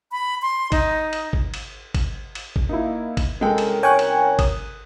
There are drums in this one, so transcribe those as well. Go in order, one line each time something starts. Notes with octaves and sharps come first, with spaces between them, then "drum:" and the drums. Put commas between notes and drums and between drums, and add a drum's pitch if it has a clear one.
B5
C6
D#4, drum: kick G#1, cymbal
drum: cymbal
drum: kick G#1
drum: cymbal
drum: kick G#1, cymbal
drum: cymbal
drum: kick G#1
A#3 D#4 E4
drum: kick G#1, cymbal
C2 G#3 C#4 A4 A#4 G5
drum: cymbal
C#5 G5 G#5 C#6 F#6
drum: cymbal
D#6, drum: kick G#1, cymbal